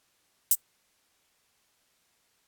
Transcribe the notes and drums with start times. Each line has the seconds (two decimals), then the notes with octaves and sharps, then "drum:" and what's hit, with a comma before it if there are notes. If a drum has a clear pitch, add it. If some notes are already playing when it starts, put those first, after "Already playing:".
0.51 B6, drum: hi-hat
0.66 C7
0.80 D7
0.96 D7
1.39 E7
1.85 D7
2.08 C7